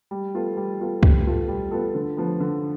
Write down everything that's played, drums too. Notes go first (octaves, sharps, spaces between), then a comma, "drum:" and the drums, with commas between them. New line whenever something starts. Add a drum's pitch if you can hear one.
G3
B3 F4 A4
G3
B3 F4 A4
G3, drum: kick C2
B3 F4 A4
G3
B3 F4 A4
D3
F3 B3
D3